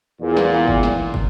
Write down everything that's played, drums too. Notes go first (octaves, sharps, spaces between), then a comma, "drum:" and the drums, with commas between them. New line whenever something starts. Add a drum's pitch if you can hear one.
E2 A#2
drum: snare
drum: kick
drum: snare
drum: kick